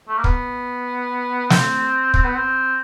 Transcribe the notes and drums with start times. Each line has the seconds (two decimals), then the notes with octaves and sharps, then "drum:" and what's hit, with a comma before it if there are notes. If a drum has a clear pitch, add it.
0.08 A3
0.18 A#3
0.24 B3, drum: kick
1.50 C4, drum: snare
2.14 C4, drum: kick
2.25 B3
2.35 C4